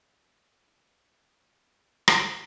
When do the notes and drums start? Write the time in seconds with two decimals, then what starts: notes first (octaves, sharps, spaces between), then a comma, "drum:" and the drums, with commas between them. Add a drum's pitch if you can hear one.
0.05 E3 C4 C#5 D5
2.08 drum: rim click